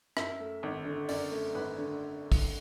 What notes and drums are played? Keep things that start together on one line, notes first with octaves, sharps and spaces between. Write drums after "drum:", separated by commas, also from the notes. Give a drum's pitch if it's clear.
F#2 E5, drum: rim click
A3
G#1
D3
F#2 D5, drum: open hi-hat
A3
G#1 B4
D3
drum: kick, open hi-hat